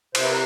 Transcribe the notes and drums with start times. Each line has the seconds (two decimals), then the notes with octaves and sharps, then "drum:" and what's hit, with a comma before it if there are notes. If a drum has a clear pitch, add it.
0.15 C3 C5, drum: cymbal
0.22 B4
0.29 A#4